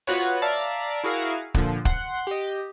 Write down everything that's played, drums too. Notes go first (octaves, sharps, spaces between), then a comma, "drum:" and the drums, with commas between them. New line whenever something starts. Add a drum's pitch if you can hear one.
B3 F4 F#4 B4 C#5, drum: open hi-hat
D5 E5 F5 A5 A#5 D6
E4 F#4 G#4 A#4 E5 F5
A#2 D3 F3, drum: kick
F#5 C6, drum: kick
G4 D#5